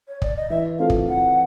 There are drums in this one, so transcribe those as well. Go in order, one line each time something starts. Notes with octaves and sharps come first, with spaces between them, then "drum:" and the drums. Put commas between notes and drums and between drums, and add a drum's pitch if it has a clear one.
C#5
D5, drum: kick
D#5
E3 E5
A3 C4 F4 A4 F5
drum: kick
E3 F#5